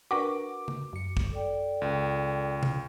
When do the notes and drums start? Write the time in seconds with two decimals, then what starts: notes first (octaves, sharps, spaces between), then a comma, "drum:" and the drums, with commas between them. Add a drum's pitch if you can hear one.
0.11 D4 F#4 A#4 B4 D6
0.68 drum: tom C#3
0.93 F#2 C#7
1.17 drum: kick
1.32 A4 D5 G5
1.82 C#2
2.63 drum: tom C3